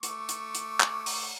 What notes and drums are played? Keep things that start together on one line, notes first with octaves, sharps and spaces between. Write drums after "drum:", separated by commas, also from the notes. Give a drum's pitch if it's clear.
A3 C#6 D6, drum: hi-hat
drum: hi-hat
drum: hi-hat
drum: clap
drum: open hi-hat